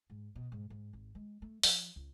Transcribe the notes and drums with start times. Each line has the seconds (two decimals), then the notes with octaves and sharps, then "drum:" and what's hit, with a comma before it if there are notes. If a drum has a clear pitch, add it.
0.10 G#2
0.35 B2
0.52 G#2
0.70 G#2
0.93 G#1
1.15 G#3
1.42 A3
1.63 F3, drum: open hi-hat
1.96 C#2